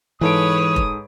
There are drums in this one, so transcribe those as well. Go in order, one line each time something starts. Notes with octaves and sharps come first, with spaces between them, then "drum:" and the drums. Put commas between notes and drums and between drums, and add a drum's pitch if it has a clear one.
G#2 E3 A4 B4 C#5 D#6 D7
drum: kick F1